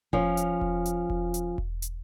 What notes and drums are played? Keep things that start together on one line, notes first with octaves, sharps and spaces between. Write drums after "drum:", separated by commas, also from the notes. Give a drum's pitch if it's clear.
F3 C#4, drum: kick E1
drum: hi-hat
drum: kick E1
drum: hi-hat
drum: kick E1
drum: hi-hat
drum: kick E1
drum: hi-hat